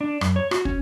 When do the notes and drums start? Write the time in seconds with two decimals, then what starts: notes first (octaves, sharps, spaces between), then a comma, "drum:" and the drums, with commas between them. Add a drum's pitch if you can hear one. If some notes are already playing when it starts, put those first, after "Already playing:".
0.01 D4
0.21 F#2, drum: rim click
0.36 C#5
0.51 F#4, drum: rim click
0.65 C#4, drum: kick